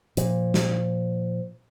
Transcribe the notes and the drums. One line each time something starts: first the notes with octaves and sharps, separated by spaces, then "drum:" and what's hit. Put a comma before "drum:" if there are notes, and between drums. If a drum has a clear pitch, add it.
A#2 F3, drum: hi-hat
drum: snare